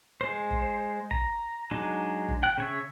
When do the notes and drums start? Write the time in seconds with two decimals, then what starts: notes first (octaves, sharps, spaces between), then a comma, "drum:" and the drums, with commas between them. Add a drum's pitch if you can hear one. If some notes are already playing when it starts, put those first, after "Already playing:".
0.21 G#3 C5
0.50 drum: kick
1.11 A#5, drum: kick
1.71 F#3 G#3 D4 D#4
2.28 drum: kick
2.43 G5 F#6
2.58 C#3 C#5 E5